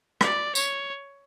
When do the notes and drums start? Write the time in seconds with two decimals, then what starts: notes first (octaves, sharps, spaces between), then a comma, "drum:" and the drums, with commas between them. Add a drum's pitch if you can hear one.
0.21 D5, drum: rim click
0.55 C#5, drum: tambourine